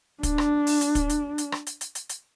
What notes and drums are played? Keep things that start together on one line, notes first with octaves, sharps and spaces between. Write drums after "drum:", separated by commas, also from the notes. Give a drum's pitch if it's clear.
D4, drum: kick, hi-hat
drum: rim click
drum: open hi-hat
drum: hi-hat
drum: kick, hi-hat
drum: hi-hat
drum: hi-hat
drum: rim click
drum: hi-hat
drum: hi-hat
drum: hi-hat
drum: hi-hat